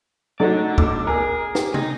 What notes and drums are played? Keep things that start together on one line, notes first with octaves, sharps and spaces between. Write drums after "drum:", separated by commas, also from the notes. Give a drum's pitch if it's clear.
F#3 A3 D#4 A4 D5
B1 D6 E6, drum: kick
G#4 A#4
G4, drum: snare
D#4, drum: tom C3